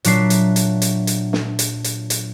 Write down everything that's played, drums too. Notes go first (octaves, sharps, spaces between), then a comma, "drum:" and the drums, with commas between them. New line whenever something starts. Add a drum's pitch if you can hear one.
A#2 F#3 D4 E5 C7, drum: hi-hat
drum: hi-hat
drum: hi-hat
drum: hi-hat
drum: hi-hat
drum: snare
drum: hi-hat
drum: hi-hat
drum: hi-hat